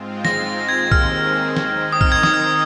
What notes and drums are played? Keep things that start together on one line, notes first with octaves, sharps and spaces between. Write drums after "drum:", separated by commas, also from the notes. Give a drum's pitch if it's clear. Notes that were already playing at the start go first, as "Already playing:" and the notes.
Already playing: G#2 G#3 C4 F4
A#6, drum: snare
D#2 D#3 G#3 C4 G#6
F6, drum: kick
D#3 C4 D#4, drum: snare
D#6
F6, drum: kick
G#6
D#6, drum: snare
F6